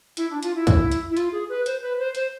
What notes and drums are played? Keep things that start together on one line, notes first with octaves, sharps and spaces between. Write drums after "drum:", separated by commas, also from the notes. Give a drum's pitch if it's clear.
E4, drum: hi-hat
D4
F4, drum: hi-hat
E4
drum: kick, hi-hat
drum: hi-hat
E4
F4, drum: hi-hat
G#4
B4
C5, drum: hi-hat
B4
C5
C5, drum: hi-hat